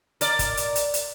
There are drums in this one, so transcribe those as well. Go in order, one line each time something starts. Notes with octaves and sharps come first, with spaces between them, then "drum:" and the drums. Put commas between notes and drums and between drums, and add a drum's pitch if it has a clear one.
A#4 D5, drum: hi-hat
drum: kick, hi-hat
drum: hi-hat
drum: hi-hat
drum: hi-hat